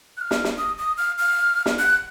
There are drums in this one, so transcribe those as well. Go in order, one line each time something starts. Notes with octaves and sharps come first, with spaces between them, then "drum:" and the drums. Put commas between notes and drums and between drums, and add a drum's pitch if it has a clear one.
F#6
F6
drum: snare
drum: snare
D#6
D#6
F6
F6
drum: snare
F#6